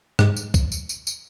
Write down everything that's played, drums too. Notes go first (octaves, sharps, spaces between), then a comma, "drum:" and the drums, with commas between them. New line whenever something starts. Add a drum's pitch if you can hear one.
G#2, drum: rim click
drum: tambourine
drum: kick, tambourine
drum: tambourine
drum: tambourine
drum: tambourine